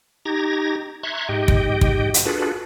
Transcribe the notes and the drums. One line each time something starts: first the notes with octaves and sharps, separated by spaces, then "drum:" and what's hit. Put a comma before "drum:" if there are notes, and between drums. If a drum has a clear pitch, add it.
D#4 G4 A#5 G#6 A#6
E5 A#5 C6 C#6 F#6 G#6
G#2 G4 D#5 G5
drum: kick
drum: kick
drum: hi-hat
D4 F4 F#4 G#4 A4 B4